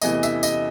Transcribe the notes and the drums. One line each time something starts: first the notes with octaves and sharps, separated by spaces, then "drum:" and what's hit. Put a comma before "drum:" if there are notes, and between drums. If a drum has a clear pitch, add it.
E2 C3 E3 A3 D#5, drum: tambourine
E5, drum: tambourine
D#5, drum: tambourine